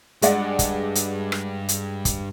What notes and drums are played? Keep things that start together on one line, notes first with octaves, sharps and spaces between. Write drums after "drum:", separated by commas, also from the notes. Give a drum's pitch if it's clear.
G2 G#3 D5 F#5, drum: hi-hat
drum: kick, hi-hat
drum: hi-hat
drum: rim click
drum: hi-hat
drum: kick, hi-hat